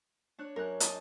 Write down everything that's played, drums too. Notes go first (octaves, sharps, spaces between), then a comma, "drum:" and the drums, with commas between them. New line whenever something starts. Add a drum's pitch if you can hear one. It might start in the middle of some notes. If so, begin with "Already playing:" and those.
D4 C#5 F#6
F#2 A#4 F#6
D#5 A5 D#6, drum: hi-hat